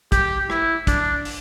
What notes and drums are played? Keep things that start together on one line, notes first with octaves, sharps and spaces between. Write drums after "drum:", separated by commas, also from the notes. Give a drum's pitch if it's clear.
G4, drum: kick, hi-hat
E4, drum: rim click
D4, drum: kick, hi-hat
drum: open hi-hat